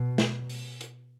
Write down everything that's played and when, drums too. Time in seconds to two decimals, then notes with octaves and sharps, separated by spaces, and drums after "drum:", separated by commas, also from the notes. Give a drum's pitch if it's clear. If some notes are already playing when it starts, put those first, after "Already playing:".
Already playing: B2
0.18 drum: snare
0.49 drum: open hi-hat
0.81 drum: hi-hat